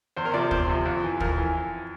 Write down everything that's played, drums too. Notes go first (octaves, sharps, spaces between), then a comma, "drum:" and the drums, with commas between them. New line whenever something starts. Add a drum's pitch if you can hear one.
E2 C5
A#4
C3 F3 D5
E2 C5, drum: kick
C3 F3
F2
E3
F2 A#4, drum: kick
E3